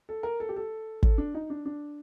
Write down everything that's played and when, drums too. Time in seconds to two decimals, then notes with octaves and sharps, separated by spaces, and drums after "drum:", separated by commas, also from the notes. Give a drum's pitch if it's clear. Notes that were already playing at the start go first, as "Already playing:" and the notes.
0.09 A4
0.23 A#4
0.40 A4
0.49 G4
0.56 A4
1.03 A4, drum: kick
1.18 D4
1.34 D#4
1.50 D4
1.66 D4